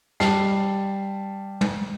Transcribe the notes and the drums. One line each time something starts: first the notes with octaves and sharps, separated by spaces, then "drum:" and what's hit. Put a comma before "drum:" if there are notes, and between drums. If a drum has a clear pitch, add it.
G3 A5 C7, drum: snare
drum: tom